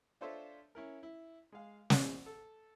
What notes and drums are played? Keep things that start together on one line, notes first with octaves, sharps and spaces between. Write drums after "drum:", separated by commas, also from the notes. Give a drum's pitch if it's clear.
D4 F4 A4 C5 C#5 E5
C#4 E4 A#4
E4
G#3 F5
E2 A#2 D#5, drum: snare
A4